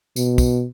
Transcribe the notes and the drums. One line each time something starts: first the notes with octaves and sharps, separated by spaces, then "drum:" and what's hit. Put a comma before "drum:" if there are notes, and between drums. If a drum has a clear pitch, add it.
B2, drum: tambourine
drum: kick, tambourine